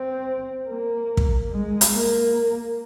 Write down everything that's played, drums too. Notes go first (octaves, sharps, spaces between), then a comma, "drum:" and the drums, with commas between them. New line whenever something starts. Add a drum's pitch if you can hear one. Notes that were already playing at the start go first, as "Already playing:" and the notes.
Already playing: C4
A#3
drum: kick
G#3
drum: hi-hat
A#3